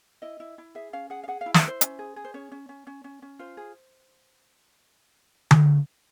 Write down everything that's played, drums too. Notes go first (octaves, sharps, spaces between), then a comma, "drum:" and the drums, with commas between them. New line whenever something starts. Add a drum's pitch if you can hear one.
E4 D#5
E4
E4
G#4 E5
C#4 F5
G#4 F#5
F5
G#4 F#5
F5
E4
E5, drum: snare
E4 C5
C#4, drum: hi-hat
G#4
G#4
C5
C#4 C#5
C#4
C#4
C#4
C#4
C#4
F4 C5
G#4
drum: tom D3